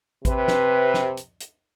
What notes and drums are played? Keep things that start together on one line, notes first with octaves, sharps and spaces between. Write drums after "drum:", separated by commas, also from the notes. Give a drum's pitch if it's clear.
C3 B4, drum: kick A1, hi-hat
drum: snare
drum: snare
drum: hi-hat
drum: hi-hat